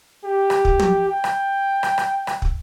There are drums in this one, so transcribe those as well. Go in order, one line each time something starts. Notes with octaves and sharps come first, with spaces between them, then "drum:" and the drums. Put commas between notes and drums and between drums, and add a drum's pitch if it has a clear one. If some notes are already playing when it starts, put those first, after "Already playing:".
G4
drum: rim click
drum: kick
drum: tom
G5
drum: rim click
drum: rim click
drum: rim click
drum: rim click
drum: kick